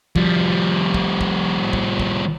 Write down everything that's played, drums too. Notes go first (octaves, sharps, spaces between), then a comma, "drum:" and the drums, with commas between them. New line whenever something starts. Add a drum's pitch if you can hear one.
F3 G3, drum: kick
drum: kick
drum: kick
drum: kick
drum: kick